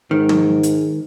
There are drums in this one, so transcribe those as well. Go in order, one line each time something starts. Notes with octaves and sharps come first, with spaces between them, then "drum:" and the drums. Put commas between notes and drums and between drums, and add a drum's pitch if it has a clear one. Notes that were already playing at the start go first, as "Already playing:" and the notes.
G#2 D#3
drum: tom
drum: hi-hat